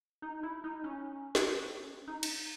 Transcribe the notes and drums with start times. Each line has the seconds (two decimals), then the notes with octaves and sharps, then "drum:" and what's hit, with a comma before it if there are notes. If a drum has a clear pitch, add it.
0.22 D#4
0.43 E4
0.64 D#4
0.84 C#4
1.35 drum: snare
2.08 D#4
2.23 drum: cymbal